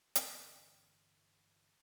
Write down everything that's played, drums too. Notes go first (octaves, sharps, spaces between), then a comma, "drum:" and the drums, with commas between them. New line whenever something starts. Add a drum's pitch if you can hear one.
G2 D3 E3 D4, drum: hi-hat